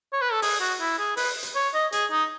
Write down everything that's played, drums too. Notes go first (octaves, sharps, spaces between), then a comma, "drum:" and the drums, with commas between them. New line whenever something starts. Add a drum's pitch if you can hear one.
C#5
B4
A4
G#4, drum: open hi-hat
F#4
E4
G#4
B4, drum: open hi-hat
drum: hi-hat
C#5
D#5
G#4, drum: hi-hat
D#4